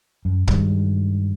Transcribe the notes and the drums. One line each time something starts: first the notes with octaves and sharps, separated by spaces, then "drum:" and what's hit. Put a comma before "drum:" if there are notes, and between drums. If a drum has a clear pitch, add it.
F#2
G2 D#3 F#3 G#3, drum: kick